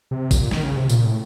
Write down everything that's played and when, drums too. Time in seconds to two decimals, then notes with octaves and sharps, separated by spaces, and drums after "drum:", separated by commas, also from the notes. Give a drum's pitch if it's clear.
0.11 C3
0.31 A#2, drum: kick G#1, tambourine
0.51 D#3, drum: snare
0.64 C#3
0.77 C3
0.89 A#2, drum: tambourine
1.05 A2